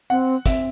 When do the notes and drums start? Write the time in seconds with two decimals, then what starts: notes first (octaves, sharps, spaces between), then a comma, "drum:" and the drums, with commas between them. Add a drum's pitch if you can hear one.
0.10 C4 F#5
0.46 C4 E5, drum: kick, hi-hat